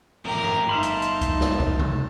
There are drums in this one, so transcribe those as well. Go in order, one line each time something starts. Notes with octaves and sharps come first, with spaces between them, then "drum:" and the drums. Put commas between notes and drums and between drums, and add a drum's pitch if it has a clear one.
A2 G4 A#4, drum: tom
drum: tom G2
G1 D#4 E5 F5 A5 B5 C6
drum: hi-hat
drum: hi-hat
drum: kick C#2, hi-hat
drum: snare
drum: kick C#2
drum: tom C3